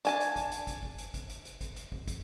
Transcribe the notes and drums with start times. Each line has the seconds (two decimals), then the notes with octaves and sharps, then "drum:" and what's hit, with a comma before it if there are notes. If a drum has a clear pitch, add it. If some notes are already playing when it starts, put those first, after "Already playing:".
0.05 D4 G#5 A5, drum: hi-hat
0.20 drum: hi-hat
0.36 drum: kick, hi-hat
0.52 drum: hi-hat
0.67 drum: kick, hi-hat
0.83 drum: kick
0.98 drum: hi-hat
1.14 drum: kick, hi-hat
1.30 drum: hi-hat
1.45 drum: hi-hat
1.61 drum: kick, hi-hat
1.76 drum: hi-hat
1.92 drum: kick
2.08 drum: kick, hi-hat